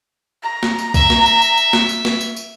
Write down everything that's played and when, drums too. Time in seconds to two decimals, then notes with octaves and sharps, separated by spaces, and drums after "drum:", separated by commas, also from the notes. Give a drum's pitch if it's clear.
0.43 A#5
0.63 drum: snare
0.79 drum: tambourine
0.94 E5, drum: kick, tambourine
1.10 drum: snare
1.26 drum: tambourine
1.42 drum: tambourine
1.58 drum: tambourine
1.73 drum: snare
1.89 drum: tambourine
2.05 drum: snare
2.21 drum: tambourine
2.36 drum: tambourine